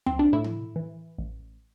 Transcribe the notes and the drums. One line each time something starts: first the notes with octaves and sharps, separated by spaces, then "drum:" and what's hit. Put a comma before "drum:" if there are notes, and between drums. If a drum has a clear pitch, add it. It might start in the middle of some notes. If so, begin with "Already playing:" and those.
C4, drum: tom
D4
A2 E4
drum: tom
E3
A1